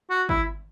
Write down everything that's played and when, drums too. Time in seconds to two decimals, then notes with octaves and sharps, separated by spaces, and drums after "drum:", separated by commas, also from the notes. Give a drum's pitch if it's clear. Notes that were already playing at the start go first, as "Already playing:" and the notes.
0.10 F#4
0.29 E4, drum: kick G#1